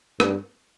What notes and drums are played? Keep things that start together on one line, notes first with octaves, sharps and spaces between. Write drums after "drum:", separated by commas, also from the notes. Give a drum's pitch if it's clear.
G2, drum: rim click